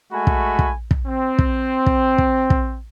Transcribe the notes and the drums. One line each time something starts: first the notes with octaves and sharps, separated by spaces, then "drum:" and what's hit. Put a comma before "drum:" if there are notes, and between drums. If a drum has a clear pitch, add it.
G#3 A3 F#4 G#5 B5
drum: kick
drum: kick
drum: kick
C4
drum: kick
drum: kick
drum: kick
drum: kick